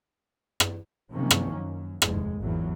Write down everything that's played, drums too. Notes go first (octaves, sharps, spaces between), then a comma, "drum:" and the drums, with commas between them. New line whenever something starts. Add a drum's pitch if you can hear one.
drum: rim click
C3 D#3 F3 F#3 A#3 C#4
drum: rim click
F#2
F1 D#2 G#2 G#3, drum: rim click
G#1 E2 A#2 E3 F#3